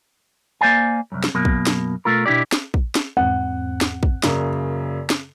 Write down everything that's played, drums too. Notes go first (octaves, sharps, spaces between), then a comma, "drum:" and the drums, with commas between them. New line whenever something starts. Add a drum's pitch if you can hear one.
A#3 C5 D5 F5 G#5
C2 F#2
drum: snare
F#2 B2 A#3
drum: kick
drum: snare
B2 A3 F4 A#4
B2 D4 E4 G4 D5
drum: snare
drum: kick
drum: snare
E2 G#2 C4 F#5
drum: snare
drum: kick
F#2 C#3 A#3 D5, drum: snare
drum: snare